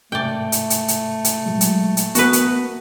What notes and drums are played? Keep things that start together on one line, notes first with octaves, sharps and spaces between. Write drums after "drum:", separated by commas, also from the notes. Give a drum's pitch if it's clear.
G#2 C3 A3 D5 G5
drum: hi-hat
drum: hi-hat
drum: hi-hat
drum: hi-hat
A#2 F#3 G#3
drum: hi-hat
drum: hi-hat
A#3 B3 F#4 A#4 B4 D#6, drum: hi-hat
drum: hi-hat